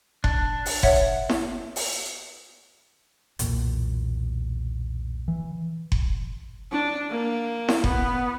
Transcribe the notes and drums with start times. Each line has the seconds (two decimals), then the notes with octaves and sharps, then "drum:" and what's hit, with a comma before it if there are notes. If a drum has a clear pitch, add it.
0.24 D4, drum: kick F#1
0.66 drum: open hi-hat
0.83 C#5 E5 F#5, drum: kick F#1
1.29 drum: snare E4
1.76 drum: open hi-hat
3.39 B1 E2 A#2, drum: hi-hat
5.28 E3
5.92 drum: kick F#1
6.72 D4
7.11 A#3
7.69 drum: snare E4
7.84 B3, drum: kick F#1